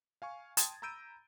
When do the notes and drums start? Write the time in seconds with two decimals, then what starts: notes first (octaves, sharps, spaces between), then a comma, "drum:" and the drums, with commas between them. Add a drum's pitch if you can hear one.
0.22 F5 G#5 C#6
0.57 G5 A5 C6 D#6 G#6 A6, drum: hi-hat
0.82 A#5 B5 E6 G6 D7 D#7